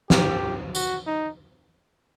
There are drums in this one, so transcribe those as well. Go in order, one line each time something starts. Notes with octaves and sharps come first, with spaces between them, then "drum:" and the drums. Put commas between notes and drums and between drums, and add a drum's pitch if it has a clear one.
G4, drum: snare
F#4, drum: tambourine
D#4